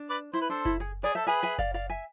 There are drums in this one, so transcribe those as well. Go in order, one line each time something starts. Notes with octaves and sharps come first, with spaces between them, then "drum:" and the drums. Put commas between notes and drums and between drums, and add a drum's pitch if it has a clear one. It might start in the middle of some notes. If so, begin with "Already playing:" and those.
Already playing: D4
B4 D5
E4 C5
B4
D4 A4 C5
E4, drum: kick F#1
G#4
G#4 B4 D5
A4 C5 E5
G#4 B4 E5 G#5
E5 G#5
D5 F5, drum: kick F#1
D5 F5
E5 G#5